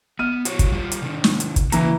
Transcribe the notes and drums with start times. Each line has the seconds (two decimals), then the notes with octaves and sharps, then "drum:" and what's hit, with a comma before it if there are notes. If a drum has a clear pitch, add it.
0.19 B3 F6 D#7
0.45 F#4 C5 C#5, drum: hi-hat
0.59 drum: kick, hi-hat
0.72 G3 F4 G4
0.92 drum: hi-hat
1.02 C3 D#3
1.24 drum: snare
1.40 drum: hi-hat
1.56 drum: kick, hi-hat
1.72 C#3 E3 A#3 C#4 A#5, drum: hi-hat